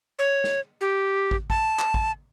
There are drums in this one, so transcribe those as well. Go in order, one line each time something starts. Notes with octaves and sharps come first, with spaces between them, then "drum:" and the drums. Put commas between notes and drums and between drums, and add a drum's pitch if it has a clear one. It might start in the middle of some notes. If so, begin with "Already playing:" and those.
C#5
drum: snare
G4
drum: kick
A5, drum: kick
drum: clap
drum: kick